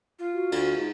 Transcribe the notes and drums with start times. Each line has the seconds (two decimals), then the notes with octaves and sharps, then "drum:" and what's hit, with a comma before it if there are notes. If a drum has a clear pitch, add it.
0.19 F4
0.33 F#4
0.52 D2, drum: cymbal
0.77 G#2